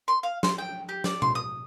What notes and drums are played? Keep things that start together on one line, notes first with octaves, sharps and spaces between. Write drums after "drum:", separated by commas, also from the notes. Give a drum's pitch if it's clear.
C6
F5
C6, drum: snare
G5
G4
D5, drum: snare
C6, drum: tom B2
D#6